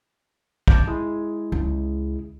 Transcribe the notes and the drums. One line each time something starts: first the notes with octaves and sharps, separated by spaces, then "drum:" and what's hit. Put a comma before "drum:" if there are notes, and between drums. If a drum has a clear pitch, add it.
A5 D6 G6, drum: kick
G#3 E4 G#4
C#2